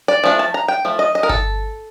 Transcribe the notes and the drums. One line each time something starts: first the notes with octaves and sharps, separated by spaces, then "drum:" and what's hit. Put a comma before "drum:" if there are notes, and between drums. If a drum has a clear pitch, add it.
D5
F3 A3 D4
A5
A#5
G5
F3 A3
D#5
D#5
A#4
A4, drum: kick G1